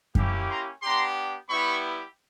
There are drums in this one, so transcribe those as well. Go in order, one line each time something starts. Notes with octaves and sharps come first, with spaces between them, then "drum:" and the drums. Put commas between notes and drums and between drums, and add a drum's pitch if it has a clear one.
A#3 C#4 E4 G4, drum: kick F#2
A#5 C6
B3 D4 G4 A#5 C6
G3 B3 E4 G4 B5 C#6